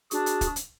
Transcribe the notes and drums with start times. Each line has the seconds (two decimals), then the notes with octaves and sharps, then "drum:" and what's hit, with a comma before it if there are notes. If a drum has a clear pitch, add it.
0.11 D4 F#4 G#4, drum: hi-hat
0.26 drum: hi-hat
0.41 drum: kick, hi-hat
0.56 drum: hi-hat